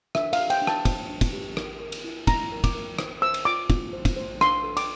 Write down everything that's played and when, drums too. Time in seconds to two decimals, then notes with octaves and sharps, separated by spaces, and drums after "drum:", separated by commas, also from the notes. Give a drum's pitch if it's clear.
0.15 D4 E5, drum: rim click
0.33 F5, drum: cymbal
0.39 G4
0.50 G5, drum: cymbal
0.62 D4
0.67 A5, drum: rim click
0.85 C5, drum: kick, cymbal
1.09 D4
1.21 drum: kick, cymbal
1.33 G4
1.57 A#4, drum: rim click
1.80 A#4
1.92 drum: cymbal
2.04 E4
2.27 E4 A#5, drum: kick, cymbal
2.52 A#4
2.64 D6, drum: kick, cymbal
2.74 A#4
2.99 C5, drum: rim click
3.22 C5 E6
3.34 drum: cymbal
3.45 F4 D6
3.70 F4, drum: kick, cymbal
3.93 C5
4.05 drum: kick, cymbal
4.16 C5
4.41 D4 C6, drum: rim click
4.64 A4
4.77 D6, drum: cymbal